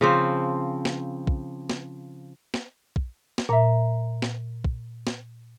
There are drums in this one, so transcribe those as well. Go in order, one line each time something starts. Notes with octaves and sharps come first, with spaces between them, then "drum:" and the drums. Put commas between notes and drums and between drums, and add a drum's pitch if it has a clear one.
C#3 F3 C4
drum: snare
drum: kick
drum: snare
drum: snare
drum: kick
drum: snare
A#2 E5 A#5
drum: snare
drum: kick
drum: snare